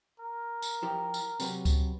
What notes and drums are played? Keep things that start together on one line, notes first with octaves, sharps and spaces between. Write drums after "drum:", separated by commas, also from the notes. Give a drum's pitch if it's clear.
A#4
drum: tambourine
F3 E4 G4
drum: tambourine
C3 F#3 B4, drum: tambourine
drum: kick C#2, tambourine